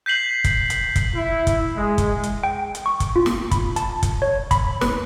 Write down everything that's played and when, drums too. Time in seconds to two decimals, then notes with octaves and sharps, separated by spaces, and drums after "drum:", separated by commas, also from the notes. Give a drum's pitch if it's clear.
0.06 G6 B6 C7 F#7
0.44 drum: kick, hi-hat
0.70 drum: hi-hat
0.96 drum: kick, hi-hat
1.16 E4
1.47 drum: kick, hi-hat
1.76 G#3
1.98 drum: kick, hi-hat
2.24 drum: hi-hat
2.44 G5
2.75 drum: hi-hat
2.86 C#6
3.00 drum: kick, hi-hat
3.16 F4
3.26 drum: snare
3.51 B5, drum: kick, hi-hat
3.76 A5, drum: hi-hat
4.03 drum: kick, hi-hat
4.22 C#5
4.51 B5, drum: kick, hi-hat
4.81 B4, drum: snare